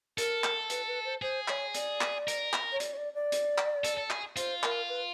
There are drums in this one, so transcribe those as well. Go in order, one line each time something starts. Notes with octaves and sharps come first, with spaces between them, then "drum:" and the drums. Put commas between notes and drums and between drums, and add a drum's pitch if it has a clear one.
A4 A#4, drum: hi-hat
drum: clap
B4, drum: hi-hat
B4
C5
G#4 C5
C#5, drum: clap
D5, drum: hi-hat
drum: clap
A#4, drum: hi-hat
drum: clap
C#5
D5, drum: hi-hat
C#5
D5
D5
drum: hi-hat
drum: clap
A4, drum: hi-hat
A4
G#4, drum: clap
F4 C5, drum: hi-hat
A#4, drum: clap
B4